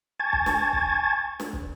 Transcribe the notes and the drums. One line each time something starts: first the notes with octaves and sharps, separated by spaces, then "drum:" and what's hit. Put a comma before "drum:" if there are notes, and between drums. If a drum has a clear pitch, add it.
G#5 A5 C#6 G#6 A6
drum: kick
drum: snare
drum: kick
drum: snare
drum: kick